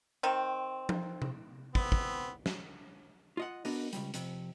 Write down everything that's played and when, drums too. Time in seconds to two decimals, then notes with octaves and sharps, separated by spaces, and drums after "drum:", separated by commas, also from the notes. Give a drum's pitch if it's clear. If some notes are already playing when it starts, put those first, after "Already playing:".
0.23 D#3 C4
0.89 drum: tom F3
1.22 drum: tom C3
1.75 B3 C4, drum: kick
1.92 drum: kick
2.46 drum: snare
3.37 F4 D#5 F#5
3.65 B3 D4 F#4 A#4 D#5, drum: open hi-hat
3.93 C#2 G#2 G3, drum: hi-hat
4.14 F2 C3, drum: hi-hat